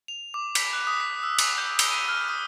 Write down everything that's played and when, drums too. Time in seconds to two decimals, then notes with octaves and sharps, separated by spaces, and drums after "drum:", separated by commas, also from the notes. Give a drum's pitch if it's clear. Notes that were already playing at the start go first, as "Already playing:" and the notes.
0.08 F7
0.34 D6
0.55 B6, drum: cymbal
0.73 F#6
0.87 D#6
1.00 B6
1.23 E6
1.39 drum: cymbal
1.58 G6
1.79 G7, drum: cymbal
1.91 D#7
2.08 F6
2.29 D#6